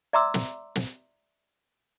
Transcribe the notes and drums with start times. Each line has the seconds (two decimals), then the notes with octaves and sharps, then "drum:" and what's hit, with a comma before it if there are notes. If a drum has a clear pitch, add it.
0.13 D5 E5 A#5 C6 D6 E6
0.34 drum: snare
0.76 drum: snare